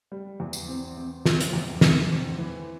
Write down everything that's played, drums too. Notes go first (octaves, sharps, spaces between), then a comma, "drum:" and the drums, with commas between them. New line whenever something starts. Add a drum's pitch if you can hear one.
G3
E2
drum: tambourine
C4
C4
C4, drum: snare
drum: hi-hat
E2
E2, drum: snare
C4
E3